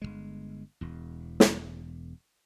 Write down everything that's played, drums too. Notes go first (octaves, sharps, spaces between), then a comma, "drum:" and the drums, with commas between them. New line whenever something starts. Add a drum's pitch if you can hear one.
G1 E2 G#3
E1 E2
drum: snare